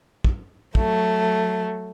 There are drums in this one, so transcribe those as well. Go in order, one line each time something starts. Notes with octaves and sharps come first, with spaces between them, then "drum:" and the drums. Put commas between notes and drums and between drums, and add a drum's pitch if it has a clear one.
drum: kick
F#3 A3, drum: kick